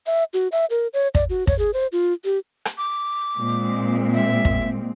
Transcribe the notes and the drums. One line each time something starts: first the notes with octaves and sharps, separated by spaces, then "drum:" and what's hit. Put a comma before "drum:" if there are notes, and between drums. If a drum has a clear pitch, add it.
E5
F#4
E5
A#4
C#5
D5, drum: kick
F#4
C#5, drum: kick
G#4
C5
F4
G4
drum: rim click
D6
A#2 G#3 C4
E5
drum: kick